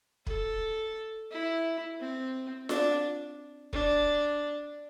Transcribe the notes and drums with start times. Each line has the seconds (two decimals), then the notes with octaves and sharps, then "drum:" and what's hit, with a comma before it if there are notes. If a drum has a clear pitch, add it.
0.27 A4, drum: kick
1.31 E4
2.00 C4
2.69 D4, drum: snare F4
3.73 D4, drum: kick